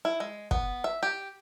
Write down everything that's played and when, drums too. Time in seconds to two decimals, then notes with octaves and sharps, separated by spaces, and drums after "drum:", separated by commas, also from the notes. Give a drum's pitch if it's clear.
0.05 E4
0.20 G#3
0.51 B3, drum: kick
0.84 E5
1.03 G4